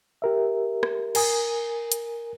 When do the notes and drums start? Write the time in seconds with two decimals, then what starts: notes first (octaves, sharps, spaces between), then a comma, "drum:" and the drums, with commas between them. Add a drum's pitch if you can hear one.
0.22 G4 A#4 E5
0.83 drum: rim click
1.15 A#4 G#5 D#6, drum: cymbal
1.92 drum: hi-hat